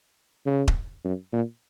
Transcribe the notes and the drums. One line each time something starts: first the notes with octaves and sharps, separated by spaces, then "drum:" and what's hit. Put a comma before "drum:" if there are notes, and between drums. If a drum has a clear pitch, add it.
C#3
drum: kick D#1
F#2
A#2